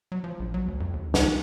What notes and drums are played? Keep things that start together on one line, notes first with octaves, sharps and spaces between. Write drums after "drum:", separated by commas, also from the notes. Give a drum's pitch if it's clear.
F#3
F3
A#1
F#3
D2
F2
D#2
C#2, drum: snare
E3